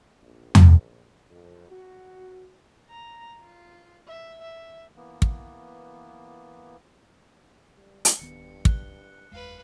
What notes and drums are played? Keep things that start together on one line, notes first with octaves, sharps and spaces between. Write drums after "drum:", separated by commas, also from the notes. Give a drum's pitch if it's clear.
A#1
drum: tom E2
F2
F#4
A#5
F4
E5
E5
E3 A#3 B3
drum: kick
G3
drum: hi-hat
D1 G2 D#3 B3 C#7
F#6 G7, drum: kick
F#1 E2 G#3 B4 F5